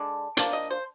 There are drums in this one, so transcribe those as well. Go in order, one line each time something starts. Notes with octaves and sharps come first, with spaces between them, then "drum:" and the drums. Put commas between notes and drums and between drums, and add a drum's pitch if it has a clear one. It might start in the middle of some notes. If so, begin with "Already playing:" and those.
Already playing: D3 G#3 D4
F3 A#3 D4 D5, drum: hi-hat
D#5
C5